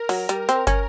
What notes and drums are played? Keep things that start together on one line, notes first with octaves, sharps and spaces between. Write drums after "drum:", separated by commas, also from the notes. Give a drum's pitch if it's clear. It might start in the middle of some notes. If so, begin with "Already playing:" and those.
Already playing: A#4
F#3, drum: open hi-hat
G3, drum: hi-hat
C4, drum: hi-hat
C#4 A#4, drum: kick, hi-hat